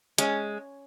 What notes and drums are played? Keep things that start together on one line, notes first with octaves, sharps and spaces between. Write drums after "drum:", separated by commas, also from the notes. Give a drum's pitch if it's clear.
G#3 C#4, drum: hi-hat